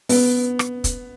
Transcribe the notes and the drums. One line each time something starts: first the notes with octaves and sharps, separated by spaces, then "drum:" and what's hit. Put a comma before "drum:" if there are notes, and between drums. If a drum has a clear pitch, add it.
B3, drum: open hi-hat
drum: rim click
drum: kick, hi-hat